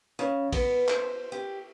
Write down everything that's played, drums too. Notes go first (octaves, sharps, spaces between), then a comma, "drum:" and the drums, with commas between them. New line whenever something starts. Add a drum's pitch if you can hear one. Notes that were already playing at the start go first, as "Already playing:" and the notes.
C#3
B3, drum: kick, cymbal
C5, drum: clap
G4